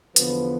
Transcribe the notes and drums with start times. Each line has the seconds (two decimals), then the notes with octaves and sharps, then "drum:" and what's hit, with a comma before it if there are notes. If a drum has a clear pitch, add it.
0.16 E2 D3 F3 B3 B4, drum: hi-hat